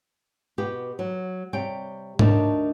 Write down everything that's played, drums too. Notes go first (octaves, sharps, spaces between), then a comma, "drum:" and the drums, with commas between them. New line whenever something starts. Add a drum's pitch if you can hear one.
B2 B3 G4
F#3
C3 G3 C#5 G5
D2 D4 D#4 A#4 C#5 A5, drum: tom G#2